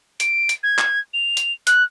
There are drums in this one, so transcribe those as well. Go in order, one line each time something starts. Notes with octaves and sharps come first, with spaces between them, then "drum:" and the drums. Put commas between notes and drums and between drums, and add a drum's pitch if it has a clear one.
D7, drum: hi-hat
drum: hi-hat
G#6
drum: clap
F7
drum: hi-hat
F#6, drum: hi-hat